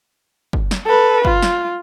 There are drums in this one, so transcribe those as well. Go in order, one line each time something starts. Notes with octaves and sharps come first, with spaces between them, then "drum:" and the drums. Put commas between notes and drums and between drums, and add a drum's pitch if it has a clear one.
drum: kick
drum: snare
A4 B4
F4, drum: kick
drum: snare